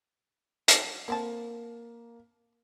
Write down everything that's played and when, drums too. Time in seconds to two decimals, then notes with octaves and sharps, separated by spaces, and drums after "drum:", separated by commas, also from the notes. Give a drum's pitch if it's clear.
0.68 F#3 D4, drum: hi-hat
1.08 D3 A#3 C4 A5